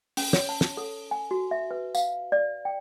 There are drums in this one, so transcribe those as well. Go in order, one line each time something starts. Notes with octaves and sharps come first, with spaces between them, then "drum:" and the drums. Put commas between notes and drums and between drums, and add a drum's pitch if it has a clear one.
C#4, drum: open hi-hat
C#5, drum: snare
A5
drum: snare
A4
G#5
F#4
E5
B4
F5, drum: tambourine
D5
G5